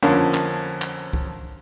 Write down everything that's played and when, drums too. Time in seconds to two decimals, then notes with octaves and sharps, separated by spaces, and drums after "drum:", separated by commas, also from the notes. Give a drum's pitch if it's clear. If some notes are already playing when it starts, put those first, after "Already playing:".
0.03 F2 D3 A#3 C#4
0.34 drum: clap
0.82 drum: clap
1.13 drum: kick